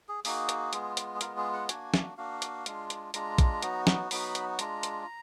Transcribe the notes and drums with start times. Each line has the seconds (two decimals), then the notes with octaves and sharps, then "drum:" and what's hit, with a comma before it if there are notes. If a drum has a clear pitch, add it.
0.09 G#4
0.25 A#3 D#4 F#4 G#4, drum: open hi-hat
0.49 drum: hi-hat
0.73 G#3 B3 F4, drum: hi-hat
0.97 drum: hi-hat
1.16 G#4
1.21 G#3 B3 F4 A#4, drum: hi-hat
1.37 G#4
1.53 F#5
1.69 A#3 D4 F#4 G#5, drum: hi-hat
1.94 drum: snare
2.18 A#3 D4 F#4 F5
2.42 drum: hi-hat
2.66 G#3 D4 F4, drum: hi-hat
2.90 drum: hi-hat
3.14 G#3 D4 F4 A#5, drum: hi-hat
3.38 drum: kick, hi-hat
3.63 F#3 B3 D#4 F#4, drum: hi-hat
3.87 drum: snare
4.11 F#3 B3 D#4 F#4 B5, drum: open hi-hat
4.35 drum: hi-hat
4.59 G#3 D4 F4 A#5, drum: hi-hat
4.83 drum: hi-hat